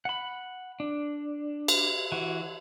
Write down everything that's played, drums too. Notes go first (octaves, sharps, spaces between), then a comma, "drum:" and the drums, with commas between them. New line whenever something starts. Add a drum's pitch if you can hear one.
F#5 B5
D4
drum: cymbal
E3 F#4